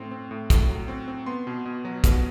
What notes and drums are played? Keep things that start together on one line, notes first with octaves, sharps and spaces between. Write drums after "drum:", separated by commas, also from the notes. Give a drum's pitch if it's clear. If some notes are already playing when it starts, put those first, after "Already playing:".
Already playing: A2 C4 C6
C4
A2
A2, drum: kick, hi-hat
F#3
C4
C4
B3 C6
B2
B2
F#3
B2, drum: kick, hi-hat